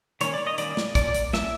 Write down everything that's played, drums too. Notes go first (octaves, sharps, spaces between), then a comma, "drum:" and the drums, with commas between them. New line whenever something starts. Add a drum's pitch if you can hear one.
D#3 G3 A#3 C#4 C#5, drum: hi-hat
D5
D#5
D#3 G3 A#3 C#4 D5, drum: hi-hat
drum: snare
F3 A#3 C#4 D5, drum: kick A#1, hi-hat
drum: hi-hat
F3 A#3 C#4 E5, drum: snare